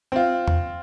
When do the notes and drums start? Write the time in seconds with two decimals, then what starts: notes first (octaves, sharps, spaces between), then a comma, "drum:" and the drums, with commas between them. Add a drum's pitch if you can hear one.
0.12 C4 F4
0.48 drum: tom E2